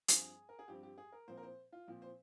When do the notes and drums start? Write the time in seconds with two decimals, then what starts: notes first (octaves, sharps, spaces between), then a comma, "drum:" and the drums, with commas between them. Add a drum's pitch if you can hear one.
0.08 G2 F3 C4 G#4, drum: hi-hat
0.49 A#4
0.59 G#4
0.68 G2 F3 C4 G4
0.83 G4
0.98 G#4
1.12 A#4
1.28 A#2 F3 C4 C5
1.37 A#4
1.43 C5
1.72 F4
1.87 A#2 F3 C4
2.02 C5